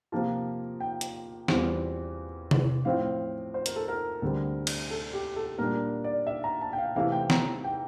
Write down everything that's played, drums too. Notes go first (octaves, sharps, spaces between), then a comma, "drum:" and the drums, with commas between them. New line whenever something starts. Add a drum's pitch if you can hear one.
C3 F3 A#3 F4 A5
G5
drum: hi-hat
E2 E3 G3 C4 F4, drum: snare
drum: tom C3
A2 F3 C4 E4 F5
C5
A#4, drum: hi-hat
A4
A#4
D2 D3 G3 C4
drum: cymbal
A4
G4
A4
A#2 G3 D4 A#4
D5
E5
A#5
A5
G5
F5
C3 E3 A3 E4 F5
G5
A#5, drum: snare
G5